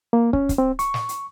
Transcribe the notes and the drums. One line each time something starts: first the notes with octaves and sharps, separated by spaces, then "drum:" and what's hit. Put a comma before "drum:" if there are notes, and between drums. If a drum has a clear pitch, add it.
A#3
C#4, drum: kick
drum: kick, hi-hat
C4
C#6, drum: hi-hat
drum: snare
drum: hi-hat